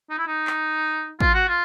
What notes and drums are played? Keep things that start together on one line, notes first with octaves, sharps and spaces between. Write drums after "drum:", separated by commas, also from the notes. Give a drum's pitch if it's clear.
D#4
E4
D#4
drum: clap
F4, drum: kick
F#4
F4